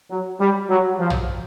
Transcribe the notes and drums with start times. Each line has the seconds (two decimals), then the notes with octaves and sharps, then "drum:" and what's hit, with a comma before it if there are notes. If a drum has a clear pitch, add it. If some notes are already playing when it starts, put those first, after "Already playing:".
0.11 F#3
0.41 G3
0.70 F#3
0.99 F3
1.10 drum: tom